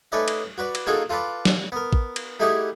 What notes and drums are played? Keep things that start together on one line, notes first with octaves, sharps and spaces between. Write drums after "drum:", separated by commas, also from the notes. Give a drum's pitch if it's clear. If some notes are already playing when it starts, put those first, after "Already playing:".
A3 C#4 D#4 B4 D5 D#5
drum: cymbal
F#4 B4 D5
drum: cymbal
A#3 D#4 F4 F#4 G#4 A4
F4 A4 B4 D5
drum: snare
B3 A#4
drum: kick A1
drum: cymbal
A3 D#4 E4 G4 G#4 F#5